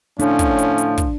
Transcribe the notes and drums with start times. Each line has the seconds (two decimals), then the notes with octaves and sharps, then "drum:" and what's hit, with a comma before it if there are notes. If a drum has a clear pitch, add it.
0.19 A2 F3 C#4 D4, drum: hi-hat
0.39 drum: kick, hi-hat
0.59 drum: hi-hat
0.78 drum: hi-hat
0.98 drum: kick, hi-hat